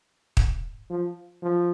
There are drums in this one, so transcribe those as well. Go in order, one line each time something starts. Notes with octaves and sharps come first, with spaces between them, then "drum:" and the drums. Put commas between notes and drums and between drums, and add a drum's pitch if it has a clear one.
drum: kick
F3
F3